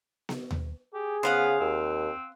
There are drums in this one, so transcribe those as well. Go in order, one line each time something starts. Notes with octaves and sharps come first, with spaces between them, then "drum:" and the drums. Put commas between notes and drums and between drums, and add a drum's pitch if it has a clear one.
drum: snare B3
drum: tom D#2
G4 G#4
C#3 B3 C5 F5 F#5
D#2 C4